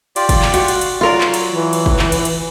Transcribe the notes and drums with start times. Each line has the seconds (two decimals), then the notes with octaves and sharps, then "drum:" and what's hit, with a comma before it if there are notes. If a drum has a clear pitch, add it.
0.16 F4 G4 D5, drum: cymbal
0.29 drum: kick, cymbal
0.42 drum: clap
0.54 F#4, drum: cymbal
0.68 drum: cymbal
0.81 drum: cymbal
1.01 F#3 F4 A#4 D5
1.21 drum: clap
1.34 drum: cymbal
1.52 E3
1.73 drum: cymbal
1.86 drum: kick
1.99 drum: clap
2.12 drum: cymbal
2.25 drum: cymbal